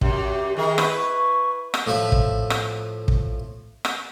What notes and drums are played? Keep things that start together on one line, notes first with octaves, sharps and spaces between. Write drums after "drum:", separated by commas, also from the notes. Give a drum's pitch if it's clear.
F#2 G4, drum: kick
D#3 G#4 A#4
E4 B4 C#6, drum: rim click
drum: rim click
A2 F3 E5
drum: kick
drum: rim click
drum: kick
drum: rim click